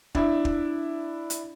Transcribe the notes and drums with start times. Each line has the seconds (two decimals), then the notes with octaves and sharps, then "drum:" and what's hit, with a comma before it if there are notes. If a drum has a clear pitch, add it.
0.15 D4 E4 E5, drum: kick
0.45 drum: kick
1.30 drum: hi-hat